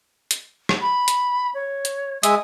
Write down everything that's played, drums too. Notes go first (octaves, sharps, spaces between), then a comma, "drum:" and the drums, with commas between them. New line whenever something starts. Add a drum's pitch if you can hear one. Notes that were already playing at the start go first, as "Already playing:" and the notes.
drum: hi-hat
drum: rim click
B5
drum: hi-hat
C#5
drum: hi-hat
G#3 E5 D#6, drum: hi-hat